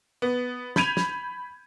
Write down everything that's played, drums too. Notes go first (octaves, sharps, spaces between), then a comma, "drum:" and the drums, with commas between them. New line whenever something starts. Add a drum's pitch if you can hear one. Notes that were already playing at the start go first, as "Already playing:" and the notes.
B3
B5 G6 G#6 D#7 F7, drum: snare
drum: snare